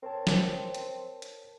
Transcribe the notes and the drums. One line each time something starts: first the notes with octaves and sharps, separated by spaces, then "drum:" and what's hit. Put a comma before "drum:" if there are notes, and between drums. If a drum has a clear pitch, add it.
C4 A#4 C#5 A5
drum: snare
drum: hi-hat
drum: hi-hat